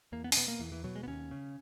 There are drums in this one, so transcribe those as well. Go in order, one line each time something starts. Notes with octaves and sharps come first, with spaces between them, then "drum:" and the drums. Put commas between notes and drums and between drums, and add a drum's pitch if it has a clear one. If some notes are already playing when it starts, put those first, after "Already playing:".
E2 A#3
B3
C#4, drum: open hi-hat
B2 B3
A#3
E2 E3
E3
B2 F#3
G#3
B3
D#2 C#4
C#3